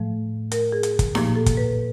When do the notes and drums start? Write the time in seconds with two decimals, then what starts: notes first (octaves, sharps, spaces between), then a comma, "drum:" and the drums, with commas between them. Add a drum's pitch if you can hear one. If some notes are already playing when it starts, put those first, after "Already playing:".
Already playing: A2 F3 A3
0.52 A#4, drum: hi-hat
0.72 G#4
0.83 drum: hi-hat
0.99 drum: kick, hi-hat
1.15 A#2 F3 A#3 G4, drum: snare D#4
1.35 A4
1.46 drum: kick, hi-hat
1.57 B4